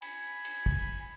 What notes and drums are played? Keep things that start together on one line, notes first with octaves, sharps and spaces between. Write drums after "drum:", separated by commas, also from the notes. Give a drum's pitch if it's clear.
G#5 B5, drum: cymbal
drum: cymbal
drum: kick